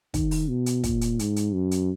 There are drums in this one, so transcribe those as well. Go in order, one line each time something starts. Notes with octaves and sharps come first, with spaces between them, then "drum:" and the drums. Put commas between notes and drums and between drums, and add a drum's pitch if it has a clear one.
D#3, drum: kick, hi-hat
drum: open hi-hat
B2
drum: hi-hat
A#2, drum: kick, hi-hat
drum: hi-hat
G#2, drum: hi-hat
drum: hi-hat
F#2
drum: hi-hat